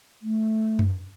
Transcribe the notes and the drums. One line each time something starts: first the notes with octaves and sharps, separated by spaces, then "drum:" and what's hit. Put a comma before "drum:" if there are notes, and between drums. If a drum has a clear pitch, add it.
A3
drum: tom F#2